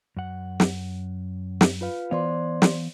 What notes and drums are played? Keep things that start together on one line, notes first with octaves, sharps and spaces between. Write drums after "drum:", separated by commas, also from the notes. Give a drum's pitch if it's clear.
F#2 F#5
drum: snare
drum: snare
F4 B4 F5
E3 B3 C5 D5 F5 C6
drum: snare